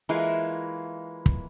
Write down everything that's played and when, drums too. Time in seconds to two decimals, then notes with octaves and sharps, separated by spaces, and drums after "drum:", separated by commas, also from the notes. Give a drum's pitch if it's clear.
0.09 E3 G#3 A#3 E4 F4
1.26 drum: kick